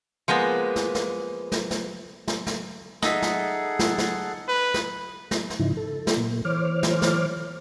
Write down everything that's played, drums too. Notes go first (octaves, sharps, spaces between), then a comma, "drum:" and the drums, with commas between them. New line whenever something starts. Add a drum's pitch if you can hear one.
F3 G#3 A#3 B3
drum: snare
drum: snare
drum: snare
drum: snare
drum: snare
drum: snare
D#4 G#4 A4 E5 F#5, drum: snare
drum: snare
drum: snare
drum: snare
B4
drum: snare
drum: snare
drum: snare
G#2 C#3 F3 D#4 E4
A4
drum: snare
A#2 A#3
E3 C5 C#5 D6 F6
drum: snare
drum: snare